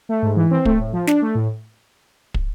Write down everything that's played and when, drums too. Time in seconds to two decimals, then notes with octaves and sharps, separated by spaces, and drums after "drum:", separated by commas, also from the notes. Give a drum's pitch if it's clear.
0.09 A3
0.22 G#2
0.36 E3
0.51 C4
0.65 A3, drum: kick
0.79 A2
0.93 F3
1.07 D4, drum: snare
1.22 A3
1.35 A2
2.34 drum: kick